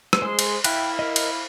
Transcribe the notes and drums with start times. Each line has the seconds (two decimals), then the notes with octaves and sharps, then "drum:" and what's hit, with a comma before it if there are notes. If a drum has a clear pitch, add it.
0.13 drum: rim click
0.22 G#3 C5 C6
0.39 drum: cymbal
0.64 E4 E5 F5 G5 B5 F#6, drum: cymbal
0.99 A#4 D#5
1.16 drum: cymbal